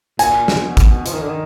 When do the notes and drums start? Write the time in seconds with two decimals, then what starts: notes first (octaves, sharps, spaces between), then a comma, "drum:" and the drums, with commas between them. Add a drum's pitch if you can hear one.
0.19 A#2 G#5, drum: hi-hat
0.48 drum: snare
0.62 B2
0.77 drum: kick G#1, hi-hat
1.06 F3, drum: hi-hat
1.13 D#3
1.21 D3
1.29 D#3